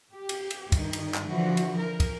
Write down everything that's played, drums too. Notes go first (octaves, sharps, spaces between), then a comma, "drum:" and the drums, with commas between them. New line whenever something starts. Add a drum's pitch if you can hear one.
G4
drum: cymbal
drum: cymbal
G2 D#3, drum: kick, cymbal
drum: cymbal
drum: clap
D3 E3 F3 F#4
drum: cymbal
A#4
drum: kick, cymbal